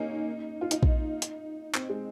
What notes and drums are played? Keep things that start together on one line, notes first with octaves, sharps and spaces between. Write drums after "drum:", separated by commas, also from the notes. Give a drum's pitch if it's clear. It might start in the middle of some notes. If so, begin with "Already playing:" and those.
Already playing: A#3 C#4 D#4
F4
D#4, drum: hi-hat
drum: kick A#1
drum: hi-hat
C4, drum: clap
G#3